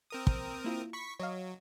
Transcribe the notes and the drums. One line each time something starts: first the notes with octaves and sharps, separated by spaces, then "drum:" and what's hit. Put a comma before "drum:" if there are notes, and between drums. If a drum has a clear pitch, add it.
C4 A#4 D#6
drum: kick
A#3 E4 F4
B5 C#6 B6
F#3 C#5 D#5 F5